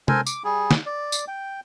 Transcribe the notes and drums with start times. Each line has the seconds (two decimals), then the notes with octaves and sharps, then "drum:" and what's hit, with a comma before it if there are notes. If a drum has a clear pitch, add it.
0.08 A4 A#4 C5 G#5, drum: tom C3
0.26 D6, drum: tambourine
0.44 G3 G#4
0.71 drum: snare
0.86 D5
1.12 drum: tambourine
1.28 G5